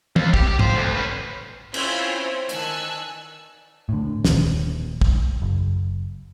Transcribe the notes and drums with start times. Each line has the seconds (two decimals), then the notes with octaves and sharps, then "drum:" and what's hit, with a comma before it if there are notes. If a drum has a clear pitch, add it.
0.16 D#2, drum: tom
0.34 G4, drum: kick
0.47 G4
0.59 F3 C5, drum: tom G#2
0.76 D2
0.95 C#4 B4
1.74 C4 C#4 E4 F4 C5, drum: cymbal
2.49 D#3 G#5 A5 E6 F#6, drum: hi-hat
3.89 A2 D3
4.25 D#1 D#2, drum: snare
5.01 drum: kick
5.42 F#1